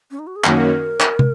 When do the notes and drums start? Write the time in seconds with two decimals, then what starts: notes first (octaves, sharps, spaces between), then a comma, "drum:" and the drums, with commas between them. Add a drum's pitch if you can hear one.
0.11 C#4
0.19 D#4
0.27 F#4
0.36 G#4
0.44 F#2 D#3 A#3 C#4 F#4 A#4, drum: clap
1.00 drum: clap
1.19 drum: tom